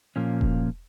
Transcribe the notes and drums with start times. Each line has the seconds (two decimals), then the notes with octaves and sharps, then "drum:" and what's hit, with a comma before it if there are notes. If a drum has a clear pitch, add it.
0.16 A#2 F3 A#3 C#4
0.41 drum: kick E1